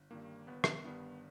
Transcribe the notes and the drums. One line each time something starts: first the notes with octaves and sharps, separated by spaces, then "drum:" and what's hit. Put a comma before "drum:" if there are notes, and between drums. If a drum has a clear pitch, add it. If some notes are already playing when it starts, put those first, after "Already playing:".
Already playing: G1
G2 D#3 G3 A#3
G1 B3
drum: rim click
G2 D#3 G3 B3